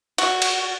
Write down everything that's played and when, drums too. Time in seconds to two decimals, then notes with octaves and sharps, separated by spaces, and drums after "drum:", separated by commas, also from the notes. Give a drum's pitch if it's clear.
0.18 F#4, drum: cymbal
0.42 drum: cymbal